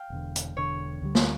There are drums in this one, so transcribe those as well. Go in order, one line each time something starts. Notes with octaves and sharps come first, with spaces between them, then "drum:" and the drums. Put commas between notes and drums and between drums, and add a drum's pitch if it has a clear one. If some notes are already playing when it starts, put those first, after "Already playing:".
Already playing: F5 G5
E1 E2 D3
drum: hi-hat
E1 E2 D3 C#5
D2 D3 G3
drum: snare